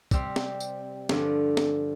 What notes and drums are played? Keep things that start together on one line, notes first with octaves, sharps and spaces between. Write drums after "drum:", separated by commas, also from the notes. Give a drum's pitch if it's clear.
C3 G3 C4, drum: kick, tambourine
drum: snare
drum: tambourine
G2 D3 F3, drum: snare
drum: snare